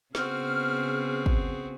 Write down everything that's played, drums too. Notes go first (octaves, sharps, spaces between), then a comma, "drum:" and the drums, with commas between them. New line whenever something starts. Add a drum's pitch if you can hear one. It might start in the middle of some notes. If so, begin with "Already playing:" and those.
C#3 B3 C4 F#4 G#4 F6, drum: snare
drum: kick